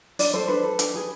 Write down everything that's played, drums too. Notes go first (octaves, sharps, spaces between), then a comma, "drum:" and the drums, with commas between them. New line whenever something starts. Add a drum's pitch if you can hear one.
D4 D5, drum: open hi-hat
A4 C5
D4 B4
A4
D4, drum: hi-hat
G#4 B4